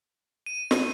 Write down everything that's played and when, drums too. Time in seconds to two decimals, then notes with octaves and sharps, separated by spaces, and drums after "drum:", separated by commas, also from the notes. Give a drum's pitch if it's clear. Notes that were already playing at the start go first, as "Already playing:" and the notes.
0.46 D#7
0.71 drum: snare